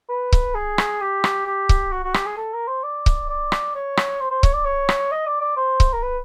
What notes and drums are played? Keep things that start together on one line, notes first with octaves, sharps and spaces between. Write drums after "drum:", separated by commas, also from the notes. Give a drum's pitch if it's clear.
B4
drum: kick C#1
G#4
drum: rim click
G4
drum: rim click
G4
drum: kick C#1
F#4
F#4
G4, drum: rim click
G#4
A4
A#4
C5
D5
drum: kick C#1
D5
drum: rim click
C#5
drum: rim click
C5
C5
C#5, drum: kick C#1
D5
C#5
drum: rim click
D#5
D5
D5
C5
drum: kick C#1
A#4
B4